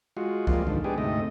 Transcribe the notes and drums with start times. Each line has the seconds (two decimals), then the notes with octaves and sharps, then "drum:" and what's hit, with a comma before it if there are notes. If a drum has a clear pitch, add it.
0.17 G#3 F4 F#4
0.47 F3 G3 G#3 A#3 F4, drum: kick C2
0.67 D#2 G#2 D3 F3
0.84 G3 G#3 B3 D4 G4 G#4
0.98 D2 G#2 C3 A3 D#5